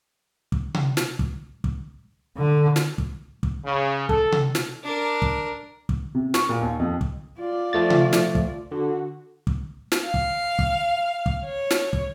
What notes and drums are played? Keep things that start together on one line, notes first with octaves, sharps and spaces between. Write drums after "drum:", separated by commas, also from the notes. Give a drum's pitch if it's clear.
drum: kick
drum: tom C3
drum: snare
drum: kick
drum: kick
D3
drum: snare
drum: kick
drum: kick
C#3
A4, drum: kick
drum: tom C3
drum: snare
D4 A#4
drum: kick
drum: kick
C3
C#6, drum: snare
A#2
D#2
F2
drum: kick
F4 D5
F3 A3 A6
drum: tom C3
drum: snare
drum: kick
D3 F#4
drum: kick
drum: snare
F5
drum: kick
drum: kick
drum: kick
C#5
drum: snare
drum: kick